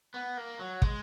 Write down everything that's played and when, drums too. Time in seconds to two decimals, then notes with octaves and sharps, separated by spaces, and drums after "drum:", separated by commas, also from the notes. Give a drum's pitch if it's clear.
0.14 B3
0.37 A#3
0.59 F#3
0.82 G#3, drum: kick